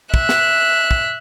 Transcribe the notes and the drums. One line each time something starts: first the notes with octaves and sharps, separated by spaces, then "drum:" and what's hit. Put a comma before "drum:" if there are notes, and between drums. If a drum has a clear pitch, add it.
E5 F#6, drum: kick
drum: snare
drum: kick